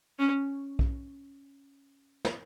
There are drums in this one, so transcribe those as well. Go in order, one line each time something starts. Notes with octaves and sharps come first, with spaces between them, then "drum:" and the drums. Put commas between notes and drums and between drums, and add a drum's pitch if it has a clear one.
C#4
drum: kick B1
drum: snare